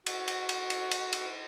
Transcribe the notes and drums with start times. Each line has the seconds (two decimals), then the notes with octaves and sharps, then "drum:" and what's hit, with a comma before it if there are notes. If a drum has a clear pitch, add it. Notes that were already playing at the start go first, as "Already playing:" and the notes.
0.06 F#4, drum: cymbal
0.28 drum: cymbal
0.49 drum: cymbal
0.70 drum: cymbal
0.91 drum: cymbal
1.13 drum: cymbal